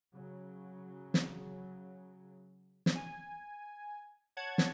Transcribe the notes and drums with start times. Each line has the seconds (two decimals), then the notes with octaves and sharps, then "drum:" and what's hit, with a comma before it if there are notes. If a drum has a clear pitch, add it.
0.15 C#3 F#3
1.14 drum: snare
2.86 drum: snare
2.95 G#5
4.37 C#5 F#5 A5 G#6
4.58 drum: snare